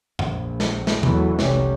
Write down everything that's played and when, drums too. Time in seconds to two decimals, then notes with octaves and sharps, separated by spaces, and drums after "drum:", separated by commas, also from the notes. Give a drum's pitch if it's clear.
0.19 A#1, drum: tom F2
0.60 drum: snare
0.87 drum: snare
1.03 E2 B2 E3 F#3 A3, drum: tom B2
1.39 F1 C2 G3 C#4, drum: snare